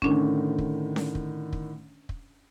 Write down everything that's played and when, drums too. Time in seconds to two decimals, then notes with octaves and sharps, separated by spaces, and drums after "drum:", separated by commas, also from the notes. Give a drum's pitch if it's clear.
0.02 A2 D3 D#3 C#4 D4, drum: kick
0.58 drum: kick
0.96 drum: snare C#4
1.15 drum: kick
1.53 drum: kick
2.09 drum: kick